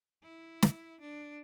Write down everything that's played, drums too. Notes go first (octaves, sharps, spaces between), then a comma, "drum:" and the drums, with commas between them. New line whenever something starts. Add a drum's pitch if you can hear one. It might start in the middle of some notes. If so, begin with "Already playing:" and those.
E4
drum: snare
D4